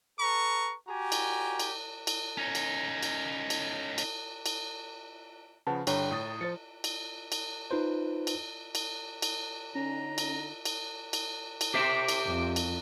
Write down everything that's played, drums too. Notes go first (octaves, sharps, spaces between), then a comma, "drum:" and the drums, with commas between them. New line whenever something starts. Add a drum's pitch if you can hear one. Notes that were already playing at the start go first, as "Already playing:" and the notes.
A4 B4 A#5 C#6
F#4 G4 G#5 A#5
drum: cymbal
drum: cymbal
drum: cymbal
C#4 D#4
drum: cymbal
drum: cymbal
drum: cymbal
drum: cymbal
drum: cymbal
C#3 F3 B4 F#5 A5
G2 D3 C#5 G5 A#5, drum: cymbal
A2 D#6 A6
F3 C5 A6 C#7
drum: cymbal
drum: cymbal
D#4 F4 B4 C5
drum: cymbal
drum: cymbal
drum: cymbal
D3 C#4 D#4 A#5
drum: cymbal
drum: cymbal
drum: cymbal
drum: cymbal
G4 C5 E5 D6
drum: cymbal
F2
drum: cymbal